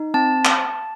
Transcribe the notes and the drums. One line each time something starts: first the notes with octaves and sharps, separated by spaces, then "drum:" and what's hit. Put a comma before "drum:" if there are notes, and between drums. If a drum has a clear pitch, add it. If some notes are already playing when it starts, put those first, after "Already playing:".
Already playing: D#4
C4 A5
drum: clap